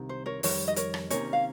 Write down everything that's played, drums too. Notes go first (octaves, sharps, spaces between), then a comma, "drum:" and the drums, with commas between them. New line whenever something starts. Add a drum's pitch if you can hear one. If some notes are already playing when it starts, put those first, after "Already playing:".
Already playing: C2 C3 D#3
C5
A#4 C#5
F2 D#3 G3 A#4 C#5, drum: open hi-hat
D#5
A#4 C#5, drum: hi-hat
drum: rim click
C3 D#3 A#3 C#4 A#4 C#5, drum: hi-hat
F5